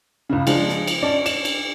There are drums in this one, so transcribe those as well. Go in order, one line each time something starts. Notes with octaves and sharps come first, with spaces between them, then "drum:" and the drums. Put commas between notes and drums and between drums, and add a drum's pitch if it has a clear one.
C#2 C#3
F3 G#3 D4, drum: cymbal
drum: snare
drum: cymbal
C#4 D5 A5
E7, drum: cymbal
drum: cymbal